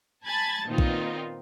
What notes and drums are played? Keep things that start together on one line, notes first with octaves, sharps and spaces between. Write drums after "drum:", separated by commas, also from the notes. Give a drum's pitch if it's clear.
G#5 A5 B5 G#6 A6
A#2 D#3 B3 C4 D#4 F4
drum: kick